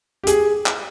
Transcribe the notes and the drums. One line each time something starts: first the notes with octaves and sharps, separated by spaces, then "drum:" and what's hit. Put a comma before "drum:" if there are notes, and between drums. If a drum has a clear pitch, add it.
G4
G#4, drum: hi-hat
drum: clap